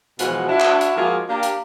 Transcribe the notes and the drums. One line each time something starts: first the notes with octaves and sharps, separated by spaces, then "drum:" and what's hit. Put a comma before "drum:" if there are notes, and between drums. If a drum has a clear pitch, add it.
B2 E3 F3 G#3 F#4 F#5, drum: hi-hat
D4 E4 F#4
drum: clap
drum: hi-hat
F3 G#3 A#3 F4 F#4 G#4
A#3 D4 G4
drum: hi-hat